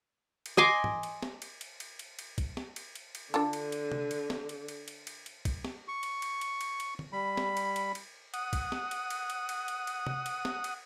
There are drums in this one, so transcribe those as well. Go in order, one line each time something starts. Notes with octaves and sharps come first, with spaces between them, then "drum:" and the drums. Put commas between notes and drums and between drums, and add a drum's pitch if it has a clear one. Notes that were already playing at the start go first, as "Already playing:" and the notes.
drum: cymbal
D#5 G#5 C6 D6
drum: tom
drum: cymbal
drum: snare
drum: cymbal
drum: cymbal
drum: cymbal
drum: cymbal
drum: cymbal
drum: kick, cymbal
drum: snare
drum: cymbal
drum: cymbal
drum: cymbal
D3 D4 F4 A4, drum: cymbal
drum: cymbal
drum: cymbal
drum: tom C3
drum: cymbal
drum: snare
drum: cymbal
drum: cymbal
drum: cymbal
drum: cymbal
drum: cymbal
drum: kick, cymbal
drum: snare
C#6
drum: cymbal
drum: cymbal
drum: cymbal
drum: cymbal
drum: cymbal
drum: tom D3
G3 B5
drum: snare
drum: cymbal
drum: cymbal
drum: cymbal
F#5 D#6, drum: cymbal
drum: kick, cymbal
drum: snare
drum: cymbal
drum: cymbal
drum: cymbal
drum: cymbal
drum: cymbal
drum: cymbal
drum: tom C3
drum: cymbal
drum: snare
drum: cymbal